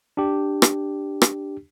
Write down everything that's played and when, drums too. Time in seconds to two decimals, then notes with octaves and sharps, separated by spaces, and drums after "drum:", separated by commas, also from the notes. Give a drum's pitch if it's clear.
0.17 D4 G4
0.62 drum: rim click
1.22 drum: rim click